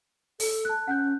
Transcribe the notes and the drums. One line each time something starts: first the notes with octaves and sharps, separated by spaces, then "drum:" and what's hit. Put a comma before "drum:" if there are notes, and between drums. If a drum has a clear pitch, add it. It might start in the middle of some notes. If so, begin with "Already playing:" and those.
A4, drum: open hi-hat
A5 F#6
C#4 F#5 F#6 G6